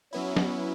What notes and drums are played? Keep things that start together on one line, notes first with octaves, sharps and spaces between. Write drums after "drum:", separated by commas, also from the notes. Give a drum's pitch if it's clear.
F#3 B3 C#4 E4
drum: snare